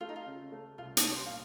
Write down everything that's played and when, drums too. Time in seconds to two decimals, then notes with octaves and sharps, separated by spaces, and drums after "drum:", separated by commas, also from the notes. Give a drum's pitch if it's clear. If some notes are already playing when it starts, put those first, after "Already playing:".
0.01 A3 F4
0.09 D#4
0.16 F4
0.26 C#3
0.52 A3
0.78 C2 F4
0.97 A4, drum: hi-hat
1.03 C2
1.12 C#5
1.16 C5
1.26 A#2 F5